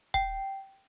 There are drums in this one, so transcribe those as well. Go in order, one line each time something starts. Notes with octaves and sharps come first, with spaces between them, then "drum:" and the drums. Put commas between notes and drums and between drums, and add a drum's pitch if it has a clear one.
G5, drum: kick